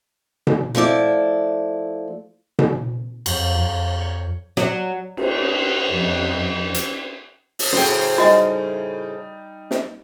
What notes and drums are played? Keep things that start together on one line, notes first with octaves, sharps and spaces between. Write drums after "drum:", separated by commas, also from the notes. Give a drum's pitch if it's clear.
drum: tom B2
F3 A3 E4 D5
drum: tom B2
F2, drum: cymbal
F2
C#5
F#3, drum: snare
drum: cymbal
F2
drum: hi-hat
drum: open hi-hat
A2 C#3 F#3 C5 G5
G3 D#4 F#4 D#5 G#5
drum: snare